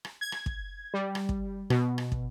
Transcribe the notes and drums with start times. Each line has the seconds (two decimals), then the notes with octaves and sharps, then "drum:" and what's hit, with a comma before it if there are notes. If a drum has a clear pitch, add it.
0.05 drum: rim click
0.21 G#6
0.32 drum: rim click
0.46 drum: kick
0.94 G3
1.15 drum: rim click
1.29 drum: kick
1.70 B2, drum: rim click
1.98 drum: rim click
2.12 drum: kick